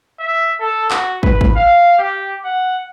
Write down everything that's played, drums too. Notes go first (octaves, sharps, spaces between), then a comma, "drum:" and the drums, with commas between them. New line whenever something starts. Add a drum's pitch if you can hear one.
E5
A4
F#4, drum: clap
B4, drum: kick
drum: kick
F5
G4
F#5